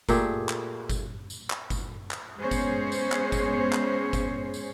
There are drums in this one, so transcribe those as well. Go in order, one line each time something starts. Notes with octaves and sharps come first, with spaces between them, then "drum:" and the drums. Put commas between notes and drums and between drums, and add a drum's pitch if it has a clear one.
A#2 A3 G4 G#4, drum: kick G1, tambourine
drum: clap
drum: kick G1, tambourine
drum: tambourine
drum: clap
drum: kick G1, tambourine
drum: clap
G#3 B3 C#4 G#4 C5 C#5
drum: kick G1, tambourine
drum: tambourine
drum: clap
drum: kick G1, tambourine
drum: clap
drum: kick G1, tambourine
drum: tambourine